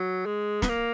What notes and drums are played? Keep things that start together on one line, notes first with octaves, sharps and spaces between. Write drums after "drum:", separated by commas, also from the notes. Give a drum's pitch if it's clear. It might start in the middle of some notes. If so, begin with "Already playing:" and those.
Already playing: F#3
G#3
B3, drum: snare
A#3